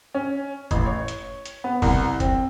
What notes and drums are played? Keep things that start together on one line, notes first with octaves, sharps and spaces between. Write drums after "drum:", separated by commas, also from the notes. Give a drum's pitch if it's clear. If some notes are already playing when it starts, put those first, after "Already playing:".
C#4
A1, drum: kick, hi-hat
C#5
drum: hi-hat
drum: hi-hat
B3
C2, drum: kick, open hi-hat
C4, drum: kick, hi-hat